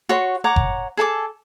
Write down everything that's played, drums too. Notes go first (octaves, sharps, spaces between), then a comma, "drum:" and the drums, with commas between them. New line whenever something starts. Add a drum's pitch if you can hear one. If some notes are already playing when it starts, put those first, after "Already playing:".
F#4 C#5 C6
C#5 F#5 A#5 D6
drum: kick F#1
G#4 A4 A5 D6